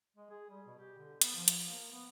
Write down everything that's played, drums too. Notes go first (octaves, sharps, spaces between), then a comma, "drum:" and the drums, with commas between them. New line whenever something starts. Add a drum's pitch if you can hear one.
G#3
G#4
G3
B2
G4
D3
B3, drum: hi-hat
F3
drum: hi-hat
A#3
B3